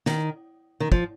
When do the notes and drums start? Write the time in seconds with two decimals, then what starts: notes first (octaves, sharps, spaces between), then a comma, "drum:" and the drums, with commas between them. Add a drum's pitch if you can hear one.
0.06 D#3, drum: snare
0.80 D#3
0.92 F3, drum: kick